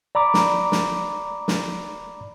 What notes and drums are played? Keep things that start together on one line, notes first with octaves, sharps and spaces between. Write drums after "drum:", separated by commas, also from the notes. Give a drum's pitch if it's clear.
D5 A#5 B5 D6
drum: snare
drum: snare
drum: snare